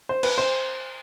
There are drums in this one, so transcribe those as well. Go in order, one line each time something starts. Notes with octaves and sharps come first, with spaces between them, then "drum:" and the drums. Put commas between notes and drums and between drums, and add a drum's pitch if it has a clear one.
C5
B4, drum: cymbal
C5